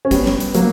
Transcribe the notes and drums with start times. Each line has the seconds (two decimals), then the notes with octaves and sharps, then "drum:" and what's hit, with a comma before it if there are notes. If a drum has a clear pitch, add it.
0.05 C#4
0.11 G3 B3, drum: kick, hi-hat
0.26 drum: snare
0.40 drum: hi-hat
0.54 F#3 A#3, drum: hi-hat